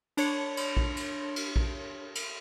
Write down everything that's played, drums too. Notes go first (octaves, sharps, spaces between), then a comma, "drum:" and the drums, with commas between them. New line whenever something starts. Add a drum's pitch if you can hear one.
D4 C#5 C#7, drum: cymbal
drum: cymbal
drum: kick A#1
drum: cymbal
drum: cymbal
drum: kick A#1
drum: cymbal